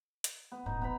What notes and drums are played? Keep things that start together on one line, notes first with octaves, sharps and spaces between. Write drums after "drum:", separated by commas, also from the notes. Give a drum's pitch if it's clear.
drum: hi-hat
B3
D#1 G#2 D#4
A1 B3 A#5 B5